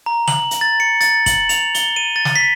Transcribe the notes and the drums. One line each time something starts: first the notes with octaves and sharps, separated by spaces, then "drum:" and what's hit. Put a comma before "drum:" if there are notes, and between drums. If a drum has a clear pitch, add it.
A#5
F#7, drum: snare
drum: hi-hat
A6
C#7
A6, drum: hi-hat
F#7, drum: kick, hi-hat
F7, drum: hi-hat
G7, drum: hi-hat
D#7
A6
drum: snare
B6